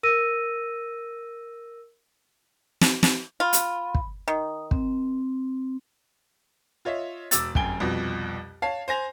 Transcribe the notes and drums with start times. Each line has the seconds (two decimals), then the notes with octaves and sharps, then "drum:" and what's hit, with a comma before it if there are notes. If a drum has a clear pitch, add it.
0.03 A#4 E6 A#6 D#7
2.81 drum: snare
3.03 drum: snare
3.40 F4 B5
3.53 drum: hi-hat
3.95 drum: kick
4.28 D#3 D#6
4.71 C4, drum: kick
6.85 F4 C#5 D#5 E5
7.31 E1 D6 E6 A6, drum: hi-hat
7.55 F1 F#2 G5 G#5 D7 G7, drum: kick
7.80 C2 F2 B2
8.62 C#5 F5 A5 C7
8.88 C5 G#5 A#6 F7